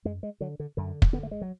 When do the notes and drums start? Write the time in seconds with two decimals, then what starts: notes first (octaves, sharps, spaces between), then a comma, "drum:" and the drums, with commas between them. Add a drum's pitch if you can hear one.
0.05 F#2 G#3
0.23 G#3
0.40 D3 F#3
0.60 D3
0.77 F#2 D3
1.02 drum: kick
1.13 D3 B3
1.23 A3
1.31 G#3
1.42 F#3